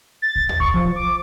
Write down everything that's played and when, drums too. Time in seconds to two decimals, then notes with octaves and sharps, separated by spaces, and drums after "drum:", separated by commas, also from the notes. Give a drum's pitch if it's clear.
0.22 A6
0.36 drum: kick
0.49 drum: tom D#2
0.60 C#6, drum: kick
0.74 F3, drum: kick
0.96 D6